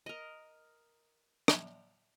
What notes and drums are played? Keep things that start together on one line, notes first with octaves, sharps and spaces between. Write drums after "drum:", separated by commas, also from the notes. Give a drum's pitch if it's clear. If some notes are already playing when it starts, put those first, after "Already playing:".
A#4 D#5
drum: rim click